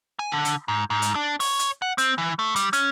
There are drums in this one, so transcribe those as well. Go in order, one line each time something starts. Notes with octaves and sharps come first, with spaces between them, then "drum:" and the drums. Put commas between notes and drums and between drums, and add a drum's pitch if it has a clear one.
G#5
D3
drum: hi-hat
G#2
G#2
drum: hi-hat
D4
C#5, drum: open hi-hat
drum: hi-hat
F#5
C4, drum: hi-hat
E3
A3
G3, drum: hi-hat
C#4, drum: hi-hat